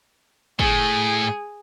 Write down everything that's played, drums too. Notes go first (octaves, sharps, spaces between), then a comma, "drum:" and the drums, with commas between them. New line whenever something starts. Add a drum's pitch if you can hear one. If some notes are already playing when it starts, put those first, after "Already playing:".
A2 G#4, drum: kick